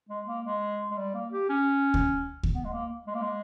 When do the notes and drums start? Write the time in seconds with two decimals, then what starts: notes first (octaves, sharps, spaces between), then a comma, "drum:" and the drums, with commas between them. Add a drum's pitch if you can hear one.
0.09 G#3
0.27 A#3
0.45 G#3
0.91 G#3
0.97 G3
1.14 A#3
1.32 G4
1.49 C#4
1.94 drum: kick D2
2.43 drum: kick D2
2.54 B3
2.65 G#3
2.73 A#3
3.07 G#3
3.14 A#3
3.22 G#3